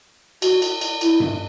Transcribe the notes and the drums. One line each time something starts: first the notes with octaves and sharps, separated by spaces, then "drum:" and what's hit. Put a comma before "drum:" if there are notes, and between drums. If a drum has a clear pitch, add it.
F#4, drum: cymbal
drum: cymbal
drum: cymbal
E4, drum: cymbal
drum: tom G2